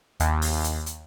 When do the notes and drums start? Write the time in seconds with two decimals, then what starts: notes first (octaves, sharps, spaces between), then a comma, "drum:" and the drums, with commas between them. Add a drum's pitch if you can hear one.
0.20 D#2, drum: hi-hat
0.42 drum: open hi-hat
0.64 drum: hi-hat
0.86 drum: hi-hat